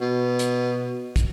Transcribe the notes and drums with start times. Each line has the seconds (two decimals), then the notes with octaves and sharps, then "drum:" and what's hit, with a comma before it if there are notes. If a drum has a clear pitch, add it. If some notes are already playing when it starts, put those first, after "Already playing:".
0.01 B2
0.39 drum: hi-hat
1.16 drum: kick, hi-hat